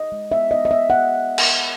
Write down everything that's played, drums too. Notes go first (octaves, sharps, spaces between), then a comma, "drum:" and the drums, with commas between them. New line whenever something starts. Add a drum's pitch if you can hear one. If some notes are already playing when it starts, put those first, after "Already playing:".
Already playing: D#5
G#3
B3 E5
B3 D#5
D#5
B3 E5
B3 F#5
drum: cymbal